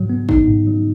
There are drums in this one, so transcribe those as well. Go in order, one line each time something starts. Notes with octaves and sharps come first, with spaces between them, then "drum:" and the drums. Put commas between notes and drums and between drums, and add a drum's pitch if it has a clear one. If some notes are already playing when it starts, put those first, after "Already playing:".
Already playing: G#2 F#3
B3
D#4, drum: kick
G#2
F#3